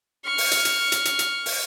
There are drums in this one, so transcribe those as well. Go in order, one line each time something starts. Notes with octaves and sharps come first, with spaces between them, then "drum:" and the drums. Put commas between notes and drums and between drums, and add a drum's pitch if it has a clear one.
C#6 F6
drum: open hi-hat
drum: hi-hat
drum: hi-hat
drum: hi-hat
drum: hi-hat
drum: hi-hat
drum: open hi-hat